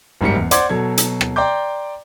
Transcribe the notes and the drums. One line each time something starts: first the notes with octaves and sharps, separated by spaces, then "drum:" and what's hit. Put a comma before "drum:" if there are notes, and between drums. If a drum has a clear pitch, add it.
F#1 G#2 G3 C#7
E2
C5 D5 F#5 C6 D6 G#6, drum: hi-hat
B2 F#3 A4 G#6
drum: hi-hat
drum: rim click
D5 G5 A#5 C6 D6 G6